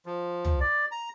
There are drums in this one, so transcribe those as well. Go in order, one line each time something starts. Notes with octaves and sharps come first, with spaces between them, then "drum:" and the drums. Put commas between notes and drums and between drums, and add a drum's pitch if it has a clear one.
F3
drum: tom
D5
A#5